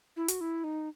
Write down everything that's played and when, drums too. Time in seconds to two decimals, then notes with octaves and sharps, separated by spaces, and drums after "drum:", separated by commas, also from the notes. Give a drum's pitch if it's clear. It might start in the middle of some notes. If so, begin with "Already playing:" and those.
0.16 E4
0.28 F#4, drum: hi-hat
0.41 E4
0.64 D#4